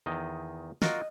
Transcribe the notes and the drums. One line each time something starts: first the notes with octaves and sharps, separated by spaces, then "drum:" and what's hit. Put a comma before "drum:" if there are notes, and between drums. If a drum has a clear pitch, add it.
E2 D#3 D#5
F4 F#4 A#4 D#5, drum: snare